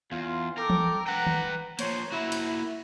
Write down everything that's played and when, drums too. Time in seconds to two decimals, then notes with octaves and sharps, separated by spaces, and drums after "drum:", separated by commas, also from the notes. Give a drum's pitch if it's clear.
0.12 E2 F4
0.58 A4 A#4 G5 D6
0.70 drum: tom E3
1.07 B4 F#5 G5 A#5
1.26 drum: tom D#3
1.79 F3 A#3 C5 C#5, drum: cymbal
2.12 A#3 E4 F#4
2.32 drum: cymbal